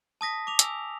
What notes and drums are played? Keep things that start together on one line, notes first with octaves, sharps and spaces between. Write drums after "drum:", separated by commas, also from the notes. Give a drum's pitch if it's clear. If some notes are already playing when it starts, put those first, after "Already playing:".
A5 D#6 A#6 B6
D6 F7
G#5 E6, drum: hi-hat